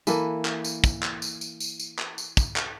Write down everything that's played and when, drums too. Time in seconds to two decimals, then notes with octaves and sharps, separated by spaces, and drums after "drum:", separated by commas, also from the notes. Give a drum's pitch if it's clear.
0.07 E3 A#3 A4 B4, drum: tambourine
0.45 drum: clap
0.64 drum: tambourine
0.84 drum: kick, tambourine
1.03 drum: clap
1.22 drum: tambourine
1.41 drum: tambourine
1.60 drum: tambourine
1.80 drum: tambourine
1.99 drum: clap
2.18 drum: tambourine
2.37 drum: kick, tambourine
2.56 drum: clap